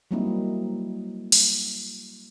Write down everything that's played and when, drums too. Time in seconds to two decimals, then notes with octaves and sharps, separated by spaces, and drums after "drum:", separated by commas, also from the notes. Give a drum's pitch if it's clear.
0.11 F#3 G3 A#3 C4 D#4 E4
1.32 drum: open hi-hat